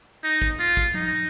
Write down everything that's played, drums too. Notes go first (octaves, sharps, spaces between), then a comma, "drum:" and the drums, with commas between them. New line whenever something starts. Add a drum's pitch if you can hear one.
D#4
drum: kick
F4
drum: kick
D#4, drum: tom F3